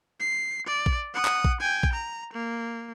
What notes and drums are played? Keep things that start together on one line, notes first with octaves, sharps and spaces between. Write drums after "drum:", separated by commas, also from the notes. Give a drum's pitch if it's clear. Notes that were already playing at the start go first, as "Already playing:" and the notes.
C7
D5
drum: kick A#1
F#5 D#6
drum: clap
drum: kick A#1
G5 G#5
drum: kick A#1
A#5
A#3